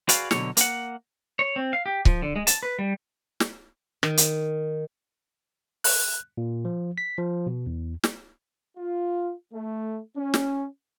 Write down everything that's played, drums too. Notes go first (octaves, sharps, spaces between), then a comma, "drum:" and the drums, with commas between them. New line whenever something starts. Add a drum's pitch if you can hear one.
F#4 G#4 B4 D5 F5, drum: hi-hat
B2 D3 F#3 C#5, drum: snare
A#3 F#5, drum: hi-hat
C#5
C4
F5
G4
F3, drum: kick C#1
D3
G#3
A5, drum: hi-hat
B4
G3
drum: snare
D#3, drum: rim click
drum: hi-hat
F#6, drum: open hi-hat
A#2
F3
B6
F3
B2
E2
drum: snare
F4
A3
C#4
drum: snare